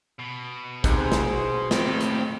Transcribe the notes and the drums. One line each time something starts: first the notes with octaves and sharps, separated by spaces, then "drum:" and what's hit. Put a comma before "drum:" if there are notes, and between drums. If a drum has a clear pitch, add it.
B2
C2 C3 D#4 G#4 C5, drum: kick, hi-hat
drum: snare
F#4
F2 A2 C4 D#4 G4, drum: snare
drum: hi-hat